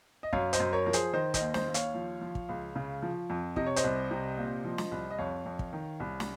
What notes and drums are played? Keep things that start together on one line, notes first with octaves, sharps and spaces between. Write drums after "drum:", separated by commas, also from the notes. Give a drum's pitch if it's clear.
D#5
F#2 C#5 F5, drum: kick
C5 D#5, drum: hi-hat
F#2
A#4 C#5
F3 A#4
G#4 C5, drum: hi-hat
D#3 C5 D#5
C5 D#5, drum: kick, hi-hat
D#2
C5 D#5, drum: snare
D#2
C#5 F5, drum: hi-hat
F3
F3
drum: kick
C#2
C#3
F3
F2
C3 D#5, drum: kick
C#5
C5 D#5, drum: hi-hat
C2
C3
A#2
F3
drum: snare
C2
D#5
F2 C#5 F5
F2
drum: kick
D#3
C2
drum: snare